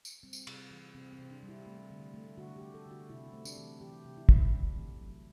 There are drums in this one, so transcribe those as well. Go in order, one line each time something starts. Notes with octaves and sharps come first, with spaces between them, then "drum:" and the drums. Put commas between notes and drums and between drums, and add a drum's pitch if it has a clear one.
drum: tambourine
G3 C4
drum: tambourine
C3, drum: cymbal
E3
C3 C4
C4
C3
D4
G3
E4
A3
D3
A3
D3 F#4
G4
A3
A4
D3
F#4
C3 E4
C4
A3
D4, drum: tambourine
E3
E3 G4
C3
E4
E3, drum: kick
C3 D4
A3
F#3